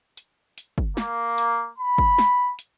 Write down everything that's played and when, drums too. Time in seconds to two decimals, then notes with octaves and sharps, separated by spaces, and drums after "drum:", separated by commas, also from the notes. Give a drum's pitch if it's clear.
0.17 drum: hi-hat
0.58 drum: hi-hat
0.78 drum: kick
0.97 A#3, drum: snare
1.38 drum: hi-hat
1.78 B5
1.98 drum: kick
2.18 drum: snare
2.59 drum: hi-hat